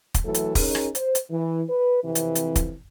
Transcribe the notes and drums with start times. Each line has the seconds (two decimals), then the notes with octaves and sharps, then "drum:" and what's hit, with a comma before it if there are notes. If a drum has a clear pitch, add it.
0.14 drum: kick, hi-hat
0.25 E3 F#3 A3 A4
0.35 drum: hi-hat
0.55 C#4 D#4 G#4 A#4, drum: kick, open hi-hat
0.75 drum: rim click
0.95 C5, drum: hi-hat
1.15 drum: hi-hat
1.31 E3
1.68 B4
2.03 F2 C3 E3
2.15 drum: hi-hat
2.36 drum: hi-hat
2.56 drum: kick, hi-hat